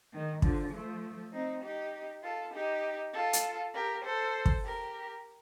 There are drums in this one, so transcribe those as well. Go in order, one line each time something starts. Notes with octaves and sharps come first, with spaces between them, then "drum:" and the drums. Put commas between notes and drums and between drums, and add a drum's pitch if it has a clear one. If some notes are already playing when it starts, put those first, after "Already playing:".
D#3
D3 F3, drum: kick
F3 A3
C4 D#4
D#4 G4
F4 A4
D#4 G4
F4 A4
drum: hi-hat
G4 A#4
A4 C5
drum: kick
G4 A#4